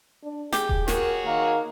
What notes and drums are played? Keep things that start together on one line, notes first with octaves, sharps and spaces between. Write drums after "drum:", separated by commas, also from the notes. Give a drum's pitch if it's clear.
D4
G4 G#4, drum: snare
drum: kick D#1
F#4 G#4 A#4 C#5, drum: snare
D#3 A#3